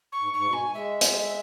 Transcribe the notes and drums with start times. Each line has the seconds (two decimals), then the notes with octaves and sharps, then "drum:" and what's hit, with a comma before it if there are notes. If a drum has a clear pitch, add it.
0.12 C#6
0.20 G#2
0.34 G#2 C#6
0.47 B2
0.53 G#5
0.74 G#3 E5
1.01 drum: hi-hat